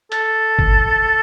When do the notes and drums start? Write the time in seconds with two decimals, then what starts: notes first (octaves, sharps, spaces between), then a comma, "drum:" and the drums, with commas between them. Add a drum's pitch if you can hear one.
0.12 A4, drum: hi-hat
0.59 drum: kick G1